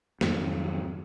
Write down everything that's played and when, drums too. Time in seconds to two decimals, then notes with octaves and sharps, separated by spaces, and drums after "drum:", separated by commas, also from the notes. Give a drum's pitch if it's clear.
0.21 F2 G#2 D#3 F#3, drum: snare